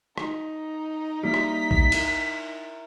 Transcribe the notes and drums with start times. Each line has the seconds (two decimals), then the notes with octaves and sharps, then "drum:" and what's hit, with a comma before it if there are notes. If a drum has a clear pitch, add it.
0.18 D#4, drum: rim click
1.23 G3 A#3 E4 B6
1.34 drum: rim click
1.71 drum: kick
1.92 E4 A#4, drum: cymbal